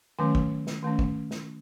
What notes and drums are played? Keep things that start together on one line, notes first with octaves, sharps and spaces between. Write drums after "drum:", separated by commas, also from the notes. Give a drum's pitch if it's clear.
D#3 F#3 A3 C#4 G#5
drum: kick
drum: snare
D#3 A3 C#4
drum: kick
drum: snare